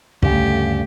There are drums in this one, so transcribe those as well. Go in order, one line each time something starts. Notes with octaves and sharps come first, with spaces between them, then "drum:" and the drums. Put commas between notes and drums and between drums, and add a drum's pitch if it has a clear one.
D2 G2 C#3 A3 G4, drum: kick